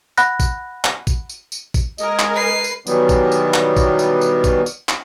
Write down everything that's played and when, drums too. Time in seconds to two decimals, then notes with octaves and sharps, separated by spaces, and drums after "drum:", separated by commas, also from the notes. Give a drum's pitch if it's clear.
0.17 F#5 B5 F#6 A#6, drum: tambourine
0.40 drum: kick A1, tambourine
0.85 drum: clap
1.07 drum: kick A1, tambourine
1.29 drum: tambourine
1.52 drum: tambourine
1.74 drum: kick A1, tambourine
1.98 G#3 A#4 D#5 G#5, drum: tambourine
2.19 drum: clap
2.33 B4 C7
2.64 drum: tambourine
2.87 B2 D#3 E3 F#3 G3 B3, drum: tambourine
3.09 drum: kick A1, tambourine
3.32 drum: tambourine
3.54 drum: clap
3.77 drum: kick A1, tambourine
3.99 drum: tambourine
4.21 drum: tambourine
4.44 drum: kick A1, tambourine
4.66 drum: tambourine
4.89 drum: clap